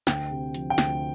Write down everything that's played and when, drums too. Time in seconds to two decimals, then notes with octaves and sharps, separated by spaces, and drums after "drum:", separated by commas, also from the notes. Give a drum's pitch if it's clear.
0.07 D2 G5, drum: snare
0.31 C3
0.54 F3, drum: hi-hat
0.70 G5
0.78 D2, drum: snare